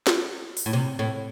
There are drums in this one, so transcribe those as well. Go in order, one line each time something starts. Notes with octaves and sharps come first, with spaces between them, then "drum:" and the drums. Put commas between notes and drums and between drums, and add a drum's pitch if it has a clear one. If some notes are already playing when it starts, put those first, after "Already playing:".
drum: snare
drum: open hi-hat
A2
C3
A2